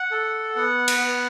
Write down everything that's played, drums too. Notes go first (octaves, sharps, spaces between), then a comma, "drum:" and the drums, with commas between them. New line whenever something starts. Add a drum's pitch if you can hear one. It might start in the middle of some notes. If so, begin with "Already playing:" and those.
Already playing: F#5
A4
B3 F#5
drum: cymbal
B3